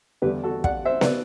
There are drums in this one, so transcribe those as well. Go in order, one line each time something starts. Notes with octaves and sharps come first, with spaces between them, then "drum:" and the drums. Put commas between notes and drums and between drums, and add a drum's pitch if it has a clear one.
E2 D3 G3 G4 B4
F#4 A4
D5 F#5, drum: kick
C5 E5
B4 D5, drum: snare